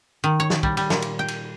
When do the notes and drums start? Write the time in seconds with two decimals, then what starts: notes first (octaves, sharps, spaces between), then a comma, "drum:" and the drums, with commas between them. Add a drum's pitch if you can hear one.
0.24 D#3
0.40 C#5
0.50 drum: snare
0.63 G3, drum: kick
0.77 G3, drum: cymbal
0.90 A#2, drum: snare
1.02 drum: cymbal
1.19 G5
1.28 drum: cymbal